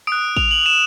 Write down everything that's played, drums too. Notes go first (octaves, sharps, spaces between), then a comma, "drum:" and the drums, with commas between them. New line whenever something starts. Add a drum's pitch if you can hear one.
D#6 F#6 D7
F7, drum: kick A1
F#7
E7